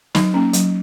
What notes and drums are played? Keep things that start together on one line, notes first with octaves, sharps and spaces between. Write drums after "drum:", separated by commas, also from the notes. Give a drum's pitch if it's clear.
F#3 D#4, drum: snare
A#3 C#4
F#3, drum: hi-hat